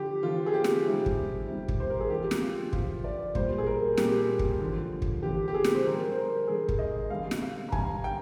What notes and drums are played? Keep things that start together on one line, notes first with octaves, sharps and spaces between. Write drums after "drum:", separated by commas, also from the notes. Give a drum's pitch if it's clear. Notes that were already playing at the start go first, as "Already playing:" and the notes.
Already playing: D3 F3 G4
D3 F3 F4
G#4
G4
drum: snare
C3 D#3 G3
drum: kick
C3 D#3 G3
drum: kick
C5
A#4
G#4
D3 F3 G4
drum: snare
F4
D3 F3 F4, drum: kick
D5
A#2 G3 C5, drum: kick
G#4
A#4
A#2 G3 G4, drum: snare
drum: kick
D3 F3
drum: kick
D3 F3 G4
G4
G#4
drum: snare
C5
D3 G3 A#4
C5
A#4
D3 G3 G#4
drum: kick
D#5
D3 G3 F5
drum: snare
F5
A#5
D3 G3 G#5, drum: kick
G5